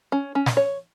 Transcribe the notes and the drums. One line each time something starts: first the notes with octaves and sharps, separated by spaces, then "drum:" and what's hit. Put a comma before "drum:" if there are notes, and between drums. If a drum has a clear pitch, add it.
C#4
C#4
drum: snare
C#5